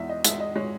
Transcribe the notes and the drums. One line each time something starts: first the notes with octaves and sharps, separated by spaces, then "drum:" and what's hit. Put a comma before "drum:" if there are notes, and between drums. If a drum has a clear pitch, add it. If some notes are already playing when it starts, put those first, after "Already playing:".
Already playing: E2 G#3 E5 F#5
D#5
G#3 E5, drum: hi-hat
D#5
G#3 C#5